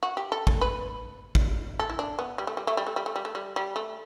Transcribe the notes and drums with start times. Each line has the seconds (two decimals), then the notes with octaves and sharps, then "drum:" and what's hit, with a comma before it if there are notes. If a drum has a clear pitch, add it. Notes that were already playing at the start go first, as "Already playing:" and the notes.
0.03 F#4
0.17 G4
0.32 A4
0.47 A4, drum: kick
0.61 B4
1.35 drum: kick
1.79 A4
1.90 E4
1.99 D4
2.19 B3
2.38 G3
2.47 A3
2.57 G3
2.67 A3
2.77 G3
2.87 A3
2.96 G3
3.06 A3
3.16 G3
3.25 A3
3.35 G3
3.56 G3
3.76 A3